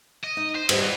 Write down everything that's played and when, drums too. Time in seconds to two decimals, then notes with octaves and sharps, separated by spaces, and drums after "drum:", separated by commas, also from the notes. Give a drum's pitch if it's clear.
0.24 D#5
0.37 D#4
0.55 C5
0.69 F#2 A2 G3 C5 D#5, drum: cymbal
0.81 E3